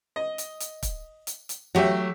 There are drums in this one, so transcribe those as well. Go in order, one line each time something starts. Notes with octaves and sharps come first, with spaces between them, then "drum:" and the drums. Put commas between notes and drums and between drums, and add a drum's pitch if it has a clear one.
D#5
drum: hi-hat
drum: hi-hat
drum: kick, hi-hat
drum: hi-hat
drum: hi-hat
F#3 A3 F#4 G4 E5